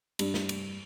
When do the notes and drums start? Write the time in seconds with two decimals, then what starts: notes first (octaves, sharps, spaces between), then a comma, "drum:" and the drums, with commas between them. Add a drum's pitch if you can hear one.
0.19 G2, drum: cymbal
0.34 drum: snare
0.49 drum: cymbal